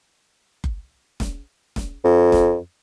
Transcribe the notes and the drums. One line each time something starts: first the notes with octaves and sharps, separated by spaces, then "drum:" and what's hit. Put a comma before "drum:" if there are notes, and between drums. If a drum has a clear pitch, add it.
drum: kick F#1
drum: snare
drum: snare
F2
drum: snare